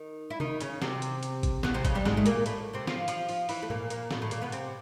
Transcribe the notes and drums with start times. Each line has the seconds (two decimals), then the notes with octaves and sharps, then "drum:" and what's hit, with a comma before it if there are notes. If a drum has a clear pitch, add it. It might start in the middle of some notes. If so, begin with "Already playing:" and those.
Already playing: D#3 D#4
0.30 E4
0.40 D#3 D#4, drum: tom
0.61 C#3 C#4, drum: hi-hat
0.82 C3 C4, drum: snare
1.02 drum: hi-hat
1.23 drum: hi-hat
1.43 drum: kick A1, hi-hat
1.63 B2 B3, drum: snare
1.74 C3 C4
1.85 C#3 C#4, drum: kick A1, hi-hat
1.95 G2 G3
2.05 G#2 G#3, drum: snare
2.17 A3
2.26 A#2 A#3, drum: hi-hat
2.46 A2 A3, drum: hi-hat
2.73 C3 C4
2.87 F3 F4, drum: snare
3.08 F3 F4, drum: hi-hat
3.29 F3 F4, drum: open hi-hat
3.49 E3 E4, drum: open hi-hat
3.62 A3
3.70 A#2 A#3, drum: tom G#2
3.90 A#2 A#3, drum: hi-hat
4.11 A2 A3, drum: snare
4.22 A2 A3
4.31 A#2 A#3, drum: hi-hat
4.42 B2 B3
4.52 C3 C4, drum: hi-hat